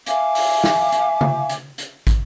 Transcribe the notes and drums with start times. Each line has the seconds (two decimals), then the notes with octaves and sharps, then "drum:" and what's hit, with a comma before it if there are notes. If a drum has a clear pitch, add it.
0.06 E5 F5 G#5 D6, drum: hi-hat
0.35 drum: open hi-hat
0.64 drum: snare
0.92 drum: hi-hat
1.21 drum: tom C#3
1.49 drum: hi-hat
1.78 drum: hi-hat
2.07 drum: kick, hi-hat